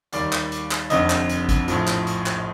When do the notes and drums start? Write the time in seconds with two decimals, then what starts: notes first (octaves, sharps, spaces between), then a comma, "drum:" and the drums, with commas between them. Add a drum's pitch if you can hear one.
0.12 D#2 D#3 G3 D5, drum: hi-hat
0.32 drum: clap
0.52 drum: hi-hat
0.71 drum: clap
0.90 F1 F2 D3 D#5, drum: hi-hat
1.10 drum: clap
1.29 drum: hi-hat
1.49 drum: kick G#1, hi-hat
1.68 A#1 A2 F3, drum: hi-hat
1.87 drum: clap
2.07 drum: hi-hat
2.26 drum: clap